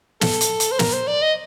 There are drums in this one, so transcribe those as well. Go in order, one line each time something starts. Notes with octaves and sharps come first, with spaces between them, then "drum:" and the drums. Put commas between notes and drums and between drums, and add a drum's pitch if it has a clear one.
A4, drum: snare
drum: hi-hat
drum: hi-hat
C5
A#4, drum: snare
C5
D5
D#5